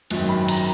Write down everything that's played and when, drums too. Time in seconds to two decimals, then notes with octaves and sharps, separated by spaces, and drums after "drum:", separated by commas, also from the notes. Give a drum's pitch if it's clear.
0.10 G#1 F#2 D#3 F#3, drum: cymbal
0.29 B5
0.48 A#5, drum: cymbal